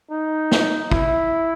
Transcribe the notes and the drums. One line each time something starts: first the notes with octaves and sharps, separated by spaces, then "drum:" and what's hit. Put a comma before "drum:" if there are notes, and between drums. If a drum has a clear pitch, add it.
D#4
drum: snare
E4, drum: kick